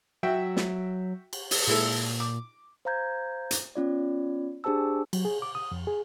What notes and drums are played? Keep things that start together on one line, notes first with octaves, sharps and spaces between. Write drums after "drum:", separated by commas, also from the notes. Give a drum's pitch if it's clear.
F#3 F#4 E5 G5
drum: snare
drum: cymbal
drum: open hi-hat
A#2 G#3 E4 A4
D6
C5 F5 A#5 G6 G#6
drum: hi-hat
B3 C#4 F4 D5
D4 G4 G#4 C5 A5 E6
F#3, drum: cymbal
G#4
D6
D#6
F2
G#4